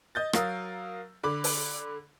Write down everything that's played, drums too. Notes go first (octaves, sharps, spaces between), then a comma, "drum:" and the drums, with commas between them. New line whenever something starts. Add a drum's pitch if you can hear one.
D#5 G6 A6
F#3 A#4 F5 D#6 E6, drum: rim click
D3 B5 D6
drum: open hi-hat